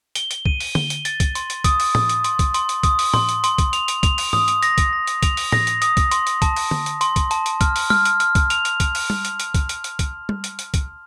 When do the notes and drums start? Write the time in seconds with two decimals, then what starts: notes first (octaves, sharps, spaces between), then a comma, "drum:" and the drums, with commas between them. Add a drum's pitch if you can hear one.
0.15 G7, drum: hi-hat
0.31 drum: hi-hat
0.46 D#7, drum: kick
0.60 drum: open hi-hat
0.75 G7, drum: tom D3
0.90 drum: hi-hat
1.05 A6, drum: hi-hat
1.20 drum: kick, hi-hat
1.35 C6, drum: hi-hat
1.50 drum: hi-hat
1.64 D#6, drum: kick, hi-hat
1.80 drum: open hi-hat
1.95 D#6, drum: tom A2
2.09 drum: hi-hat
2.24 C6, drum: hi-hat
2.39 drum: kick, hi-hat
2.54 C6, drum: hi-hat
2.69 drum: hi-hat
2.83 D#6, drum: kick, hi-hat
2.99 drum: open hi-hat
3.14 C6, drum: tom A2
3.29 drum: hi-hat
3.44 C6, drum: hi-hat
3.58 drum: kick, hi-hat
3.73 F7, drum: hi-hat
3.88 drum: hi-hat
4.03 F7, drum: kick, hi-hat
4.18 drum: open hi-hat
4.33 D#6, drum: tom G#2
4.48 drum: hi-hat
4.63 A#6, drum: hi-hat
4.78 drum: kick, hi-hat
4.93 A#6
5.07 drum: hi-hat
5.23 F7, drum: kick, hi-hat
5.37 drum: open hi-hat
5.52 A#6, drum: tom A2
5.67 drum: hi-hat
5.82 D#6, drum: hi-hat
5.97 drum: kick, hi-hat
6.11 C6, drum: hi-hat
6.27 drum: hi-hat
6.42 A5, drum: kick, hi-hat
6.56 drum: open hi-hat
6.71 A5, drum: tom D3
6.86 drum: hi-hat
7.01 C6, drum: hi-hat
7.16 drum: kick, hi-hat
7.31 A5, drum: hi-hat
7.46 drum: hi-hat
7.61 F6, drum: kick, hi-hat
7.76 drum: open hi-hat
7.90 F6, drum: tom G3
8.05 drum: hi-hat
8.20 F6, drum: hi-hat
8.35 drum: kick, hi-hat
8.50 F7, drum: hi-hat
8.65 drum: hi-hat
8.80 drum: kick, hi-hat
8.95 drum: open hi-hat
9.10 drum: tom G3
9.25 drum: hi-hat
9.40 drum: hi-hat
9.54 drum: kick, hi-hat
9.69 drum: hi-hat
9.84 drum: hi-hat
9.99 drum: kick, hi-hat
10.29 drum: tom G3
10.44 drum: hi-hat
10.59 drum: hi-hat
10.74 drum: kick, hi-hat